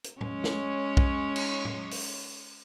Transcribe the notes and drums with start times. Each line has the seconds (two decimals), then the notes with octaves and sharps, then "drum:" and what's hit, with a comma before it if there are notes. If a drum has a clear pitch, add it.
0.04 drum: hi-hat
0.21 G#3 C#4 C#5, drum: tom A2
0.44 drum: snare
0.97 drum: kick B1
1.36 drum: cymbal
1.65 drum: tom A2
1.91 drum: open hi-hat